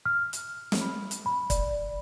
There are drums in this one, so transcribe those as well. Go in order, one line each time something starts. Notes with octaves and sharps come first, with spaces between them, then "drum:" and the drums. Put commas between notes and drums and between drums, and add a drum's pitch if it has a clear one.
F6
drum: hi-hat
drum: snare
B5
drum: hi-hat
B5
D5, drum: kick, hi-hat